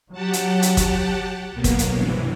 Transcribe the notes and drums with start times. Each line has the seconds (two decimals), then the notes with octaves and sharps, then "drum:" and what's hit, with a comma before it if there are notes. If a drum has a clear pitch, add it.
0.12 F#3 G4 F#5 A5
0.33 drum: hi-hat
0.62 drum: hi-hat
0.77 drum: kick, hi-hat
1.55 B1 F#3 A#3 B3
1.64 drum: kick, hi-hat
1.79 drum: hi-hat
1.93 G2 C3 E3